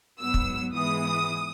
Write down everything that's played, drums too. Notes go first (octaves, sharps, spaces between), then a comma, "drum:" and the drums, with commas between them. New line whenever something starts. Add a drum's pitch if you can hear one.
G#2 F#3 B3 E6
drum: kick
G#2 E3 G#3 B3 D#6